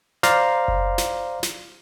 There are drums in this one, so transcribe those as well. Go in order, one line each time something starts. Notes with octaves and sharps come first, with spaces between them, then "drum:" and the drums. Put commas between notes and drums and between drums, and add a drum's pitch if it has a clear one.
C5 D5 F5 A#5, drum: snare
drum: kick F#1
drum: snare
drum: snare